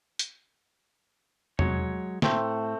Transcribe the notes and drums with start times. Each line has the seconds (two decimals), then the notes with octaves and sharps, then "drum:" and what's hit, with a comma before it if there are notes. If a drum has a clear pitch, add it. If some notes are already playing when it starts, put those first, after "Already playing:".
0.19 drum: hi-hat
1.59 F#3 G#3 C#5, drum: tom
2.22 A2 A3 C4, drum: snare